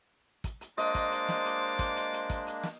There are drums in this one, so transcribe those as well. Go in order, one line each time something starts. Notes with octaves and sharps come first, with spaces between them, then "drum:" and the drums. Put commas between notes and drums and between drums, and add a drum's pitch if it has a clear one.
drum: kick, hi-hat
drum: hi-hat
G#3 A#3 D4 F4 C5 D#5 D6, drum: hi-hat
drum: kick, hi-hat
drum: hi-hat
drum: snare
drum: hi-hat
drum: kick, hi-hat
drum: hi-hat
drum: hi-hat
drum: kick, hi-hat
drum: hi-hat
drum: snare